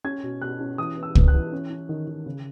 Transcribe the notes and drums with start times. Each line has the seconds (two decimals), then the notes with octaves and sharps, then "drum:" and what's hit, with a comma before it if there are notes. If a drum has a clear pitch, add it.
0.04 C#4 G#6
0.23 B2
0.42 B2 F#6
0.60 C#4
0.78 E3 D#6
0.97 B3
1.03 E6
1.15 B3, drum: kick
1.28 F#6
1.34 E3
1.52 C#4
1.70 C#4
1.89 D#3
2.07 D#3
2.26 C#3